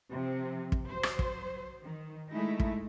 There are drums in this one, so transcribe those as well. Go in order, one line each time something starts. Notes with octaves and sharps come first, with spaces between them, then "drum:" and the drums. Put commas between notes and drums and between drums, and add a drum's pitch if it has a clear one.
C3 F3 C4
drum: kick
F#3 C5
drum: rim click
drum: kick
D#3
G#3 A3 D#4 E4
drum: kick